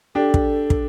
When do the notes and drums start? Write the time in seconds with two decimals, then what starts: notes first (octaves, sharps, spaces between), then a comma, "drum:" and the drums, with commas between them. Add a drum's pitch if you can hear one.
0.15 D4 G4 A4
0.34 drum: kick
0.70 drum: kick